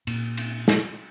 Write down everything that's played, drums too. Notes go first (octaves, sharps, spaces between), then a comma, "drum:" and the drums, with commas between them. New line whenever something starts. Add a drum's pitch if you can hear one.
A#2, drum: cymbal
drum: cymbal
drum: snare